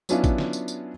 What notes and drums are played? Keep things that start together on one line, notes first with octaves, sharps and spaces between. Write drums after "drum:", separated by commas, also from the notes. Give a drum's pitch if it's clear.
F#3 B3 C#4 D4 E4 F4, drum: tambourine
drum: kick, tambourine
drum: snare
drum: tambourine
drum: tambourine